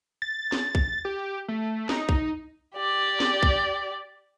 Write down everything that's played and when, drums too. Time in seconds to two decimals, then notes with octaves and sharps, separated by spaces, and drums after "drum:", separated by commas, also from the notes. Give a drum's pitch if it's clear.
0.22 A6
0.52 drum: snare
0.75 drum: kick
1.05 G4
1.48 A3
1.89 D#4, drum: snare
2.09 drum: kick
2.76 G4 D5
3.20 drum: snare
3.43 drum: kick